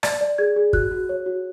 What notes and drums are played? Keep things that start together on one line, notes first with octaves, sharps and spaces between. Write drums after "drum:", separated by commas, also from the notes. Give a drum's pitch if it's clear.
D5 A6, drum: rim click
D5
G#4 G#6
G#4
F#4 F#6, drum: kick
F#4
C#5
F#4